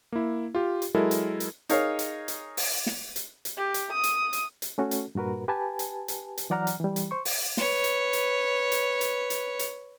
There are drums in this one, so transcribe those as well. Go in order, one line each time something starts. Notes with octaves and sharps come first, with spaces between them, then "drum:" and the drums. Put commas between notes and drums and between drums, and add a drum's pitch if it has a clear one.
A#3 E4
F4 G4
drum: hi-hat
F#3 G#3 E4 A4 A#4
drum: hi-hat
drum: hi-hat
D#4 G#4 A#4 C#5 F5, drum: hi-hat
drum: hi-hat
drum: hi-hat
drum: open hi-hat
drum: snare
drum: hi-hat
drum: hi-hat
G4
drum: hi-hat
D#6
drum: hi-hat
drum: hi-hat
drum: hi-hat
A3 C#4 F#4 A4
drum: hi-hat
G2 A#2 F#4 A#4 B4
G4 B4 G#5 A5
drum: hi-hat
drum: hi-hat
drum: hi-hat
E3 F#3 D5 F#5 A#5 F6
drum: hi-hat
E3 G3
drum: hi-hat
C5 C#6
drum: open hi-hat
B4 C#5, drum: snare
drum: hi-hat
drum: hi-hat
drum: hi-hat
drum: hi-hat
drum: hi-hat
drum: hi-hat